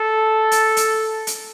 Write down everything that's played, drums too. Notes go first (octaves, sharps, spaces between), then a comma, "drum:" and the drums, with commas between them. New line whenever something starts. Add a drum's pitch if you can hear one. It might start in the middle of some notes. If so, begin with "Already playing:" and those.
Already playing: A4
drum: hi-hat
drum: hi-hat
drum: hi-hat